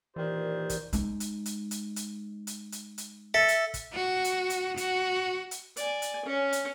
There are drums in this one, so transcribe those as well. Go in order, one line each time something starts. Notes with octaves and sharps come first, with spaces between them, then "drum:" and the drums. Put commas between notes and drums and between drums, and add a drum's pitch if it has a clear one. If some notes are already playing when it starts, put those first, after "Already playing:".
A#2 D#3 E3 G4 C5 D5
drum: kick, hi-hat
G#3 D#4, drum: hi-hat
drum: hi-hat
drum: hi-hat
drum: hi-hat
drum: hi-hat
drum: hi-hat
drum: hi-hat
drum: hi-hat
A4 E5
drum: hi-hat
drum: kick, hi-hat
F#4
drum: hi-hat
drum: hi-hat
F#4, drum: hi-hat
drum: hi-hat
D5 G#5, drum: hi-hat
drum: hi-hat
C#4
drum: hi-hat